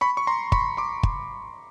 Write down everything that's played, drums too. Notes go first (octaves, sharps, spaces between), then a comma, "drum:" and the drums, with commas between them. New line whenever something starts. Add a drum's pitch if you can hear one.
B5 C#6
C#6
A#5 C6
B5 C#6, drum: kick
C6 D6
drum: kick